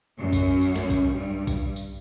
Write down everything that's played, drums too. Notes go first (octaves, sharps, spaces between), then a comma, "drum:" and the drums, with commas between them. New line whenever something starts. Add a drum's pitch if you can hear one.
F#2
drum: kick A#1, tambourine
drum: tambourine
drum: snare
drum: kick A#1, tambourine
G2
drum: kick A#1, tambourine
drum: tambourine